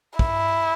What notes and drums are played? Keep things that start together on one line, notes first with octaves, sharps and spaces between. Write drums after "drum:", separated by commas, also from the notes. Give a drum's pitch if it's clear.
E4, drum: kick